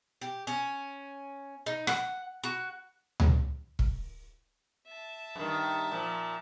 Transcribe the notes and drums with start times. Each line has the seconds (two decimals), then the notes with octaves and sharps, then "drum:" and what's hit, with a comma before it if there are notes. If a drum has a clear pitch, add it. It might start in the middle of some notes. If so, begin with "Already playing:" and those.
0.21 G4
0.47 C#4
1.66 D#4
1.87 F#5, drum: rim click
2.43 F#4
3.20 drum: tom D2
3.79 drum: kick
4.87 E5 A5
5.36 G2 D#3
5.92 A#2 F3